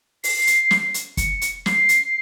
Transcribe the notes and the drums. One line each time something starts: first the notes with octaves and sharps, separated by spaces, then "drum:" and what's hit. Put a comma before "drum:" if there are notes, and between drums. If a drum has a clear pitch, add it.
C7, drum: open hi-hat
drum: hi-hat
drum: snare
drum: hi-hat
C#7, drum: kick, hi-hat
drum: hi-hat
C7, drum: snare
drum: hi-hat